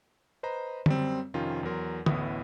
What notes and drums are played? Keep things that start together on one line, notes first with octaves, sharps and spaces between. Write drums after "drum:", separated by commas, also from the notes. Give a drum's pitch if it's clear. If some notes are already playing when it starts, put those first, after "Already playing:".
B4 C5 D#5 A#5 B5
F#2 G3 C4, drum: tom
F2 C3 D#3 C#4 F4
E2 F#3 A#4 C6
A1 D2 A2 B3 E4 D#6, drum: tom